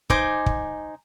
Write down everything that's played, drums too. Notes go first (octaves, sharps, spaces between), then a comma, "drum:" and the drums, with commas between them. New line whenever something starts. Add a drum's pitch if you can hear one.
D#4 C5 G#5 D6, drum: kick
drum: kick